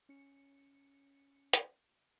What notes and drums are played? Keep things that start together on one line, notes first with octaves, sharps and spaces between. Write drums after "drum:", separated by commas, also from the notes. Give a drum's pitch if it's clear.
C#4 C#7
drum: hi-hat